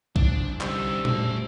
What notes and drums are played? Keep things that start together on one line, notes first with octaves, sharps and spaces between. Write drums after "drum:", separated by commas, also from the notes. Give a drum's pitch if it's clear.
C2 D4, drum: kick
D3 G3 C4 C#4 D#4 E6, drum: clap
F1 A3 F#4 A5, drum: tom A#2